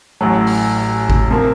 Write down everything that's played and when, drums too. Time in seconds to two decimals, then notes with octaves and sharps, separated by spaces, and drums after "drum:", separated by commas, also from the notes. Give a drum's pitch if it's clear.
0.21 A1 A2 F#3
0.47 drum: open hi-hat
1.10 drum: kick G#1
1.31 C3 F3 A#3